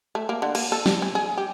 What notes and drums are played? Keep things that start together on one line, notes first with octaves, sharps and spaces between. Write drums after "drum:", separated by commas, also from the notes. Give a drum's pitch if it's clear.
A3
A#3
D3
A#3, drum: cymbal
A4
G3, drum: snare
C#4
G#4
G4